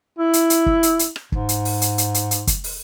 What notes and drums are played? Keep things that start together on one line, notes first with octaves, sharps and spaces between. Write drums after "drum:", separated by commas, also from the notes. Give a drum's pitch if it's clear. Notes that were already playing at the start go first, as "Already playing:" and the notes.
E4
drum: hi-hat
drum: hi-hat
drum: kick
drum: hi-hat
drum: hi-hat
drum: rim click
G#2, drum: kick
drum: hi-hat
drum: open hi-hat
drum: hi-hat
drum: hi-hat
drum: hi-hat
drum: hi-hat
drum: kick, hi-hat
drum: open hi-hat